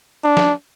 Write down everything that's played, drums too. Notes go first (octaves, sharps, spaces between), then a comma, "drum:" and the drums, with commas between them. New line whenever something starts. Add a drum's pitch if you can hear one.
D4
drum: snare